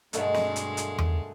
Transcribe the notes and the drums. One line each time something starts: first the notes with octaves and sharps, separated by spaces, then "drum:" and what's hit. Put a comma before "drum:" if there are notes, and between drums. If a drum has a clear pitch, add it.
G2 B2 D3 D#3 G#3 A3, drum: hi-hat
drum: snare
drum: hi-hat
drum: hi-hat
drum: tom E2